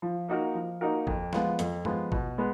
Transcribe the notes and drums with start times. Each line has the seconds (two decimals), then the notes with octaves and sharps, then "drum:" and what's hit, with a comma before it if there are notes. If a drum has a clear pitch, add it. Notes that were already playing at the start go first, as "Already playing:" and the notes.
0.02 F3
0.28 A#3 D#4 F#4 A#4
0.55 F3
0.81 A#3 D#4 F#4 A#4
1.07 F2, drum: kick
1.33 F3 G#3 B3 F4, drum: snare
1.59 F2, drum: hi-hat
1.85 F3 G#3 B3 F4, drum: tom G2
2.12 B2, drum: kick
2.38 G#3 B3